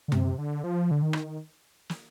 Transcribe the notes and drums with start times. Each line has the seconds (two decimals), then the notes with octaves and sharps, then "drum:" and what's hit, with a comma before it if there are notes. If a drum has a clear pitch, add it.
0.08 D3
0.12 C3, drum: tom F#2
0.38 D3
0.64 F3
0.91 D3
1.02 D#3
1.13 drum: rim click
1.89 drum: snare